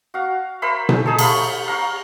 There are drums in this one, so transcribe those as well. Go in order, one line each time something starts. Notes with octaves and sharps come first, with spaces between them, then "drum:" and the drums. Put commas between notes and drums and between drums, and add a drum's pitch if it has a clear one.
F#4 F5
A#4 C5 E5 B5
drum: tom B2
D#4 G#4 A4
A3 F5 B5, drum: cymbal
F5 A#5 C#6